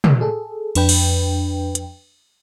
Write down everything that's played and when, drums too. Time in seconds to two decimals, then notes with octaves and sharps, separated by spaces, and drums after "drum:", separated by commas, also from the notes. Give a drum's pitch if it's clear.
0.04 drum: tom
0.21 G#4 A4
0.75 F2 D4 B4 G5, drum: cymbal
0.89 drum: cymbal
1.75 drum: hi-hat